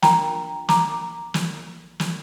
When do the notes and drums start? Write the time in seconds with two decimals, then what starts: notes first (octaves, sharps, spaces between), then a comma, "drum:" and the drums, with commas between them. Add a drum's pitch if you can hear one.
0.02 D4 F4 A#4 G5 A#5, drum: snare
0.69 A#5 D6, drum: snare
1.34 drum: snare
2.00 drum: snare